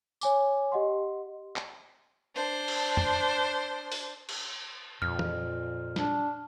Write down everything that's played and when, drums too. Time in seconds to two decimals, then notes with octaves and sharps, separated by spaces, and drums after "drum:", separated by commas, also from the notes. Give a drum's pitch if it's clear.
0.21 C#5 G#5 D6, drum: tambourine
0.72 G4 D#5 F#5 C6
1.56 drum: clap
2.36 D4 C5
2.68 drum: cymbal
2.97 drum: tom
3.92 drum: open hi-hat
4.29 drum: cymbal
5.02 F2 A#2 F6
5.19 drum: tom
5.96 D4, drum: snare